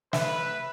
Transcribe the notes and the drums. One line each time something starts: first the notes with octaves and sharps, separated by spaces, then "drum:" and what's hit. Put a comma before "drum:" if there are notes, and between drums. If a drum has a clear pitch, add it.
B4 E5, drum: snare